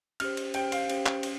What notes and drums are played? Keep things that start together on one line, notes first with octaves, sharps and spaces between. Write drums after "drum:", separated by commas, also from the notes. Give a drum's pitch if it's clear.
C#4 G4 C5 F6, drum: cymbal
drum: cymbal
C#4 G4 C5 G5, drum: cymbal
F5, drum: cymbal
C#4 G4 C5, drum: cymbal
drum: clap
C#4, drum: cymbal